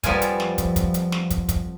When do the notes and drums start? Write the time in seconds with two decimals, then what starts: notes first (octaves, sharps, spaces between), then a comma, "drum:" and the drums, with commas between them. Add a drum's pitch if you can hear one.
0.03 F2 F3 G3 B3 F5 G#5, drum: kick, hi-hat
0.22 drum: hi-hat
0.40 drum: snare
0.58 drum: kick, hi-hat
0.76 drum: kick, hi-hat
0.94 drum: hi-hat
1.12 drum: snare
1.30 drum: kick, hi-hat
1.49 drum: kick, hi-hat